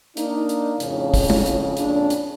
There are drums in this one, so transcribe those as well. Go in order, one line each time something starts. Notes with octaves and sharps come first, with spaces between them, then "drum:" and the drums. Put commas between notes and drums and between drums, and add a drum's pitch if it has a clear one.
A#3 D4 D#4, drum: hi-hat
drum: hi-hat
F2 A2 C#3, drum: hi-hat
drum: kick, open hi-hat
drum: tom
drum: hi-hat
F2 A#2 C#3 D4, drum: hi-hat
drum: hi-hat